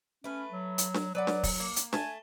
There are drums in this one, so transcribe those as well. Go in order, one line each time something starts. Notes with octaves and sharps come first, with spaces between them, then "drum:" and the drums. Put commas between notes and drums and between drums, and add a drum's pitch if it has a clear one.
A3 C#4 B4
F#3
drum: hi-hat
drum: snare D4
F#3 B4 D5 F#5
drum: snare D4
drum: kick, open hi-hat
A#3
drum: hi-hat
A3 G#5 A5, drum: snare D4